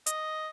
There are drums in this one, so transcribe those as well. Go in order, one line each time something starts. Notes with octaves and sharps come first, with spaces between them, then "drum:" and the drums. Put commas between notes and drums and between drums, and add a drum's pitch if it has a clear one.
D#5, drum: hi-hat